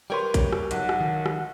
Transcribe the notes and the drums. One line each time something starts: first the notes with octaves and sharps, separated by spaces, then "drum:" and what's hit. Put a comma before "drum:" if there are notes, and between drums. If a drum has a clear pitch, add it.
G3 A#4 B4 C#5 G5 C6
drum: kick, hi-hat
drum: rim click
B1 F#5, drum: hi-hat
drum: rim click
D#3
drum: rim click